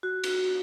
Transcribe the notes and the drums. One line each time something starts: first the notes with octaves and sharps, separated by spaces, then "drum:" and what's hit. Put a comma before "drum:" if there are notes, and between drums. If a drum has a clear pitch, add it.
F#4
drum: cymbal